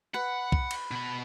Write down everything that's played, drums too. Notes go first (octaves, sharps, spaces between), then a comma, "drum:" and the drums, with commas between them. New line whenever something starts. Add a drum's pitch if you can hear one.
B4 F#5
drum: kick
drum: cymbal
B2 B5